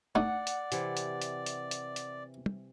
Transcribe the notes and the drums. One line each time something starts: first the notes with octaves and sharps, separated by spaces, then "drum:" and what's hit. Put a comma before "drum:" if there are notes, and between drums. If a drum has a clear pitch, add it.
A3 D4 D#4 D5 F#5
drum: hi-hat
C3 E3, drum: hi-hat
drum: hi-hat
drum: hi-hat
drum: hi-hat
drum: hi-hat
drum: hi-hat
drum: tom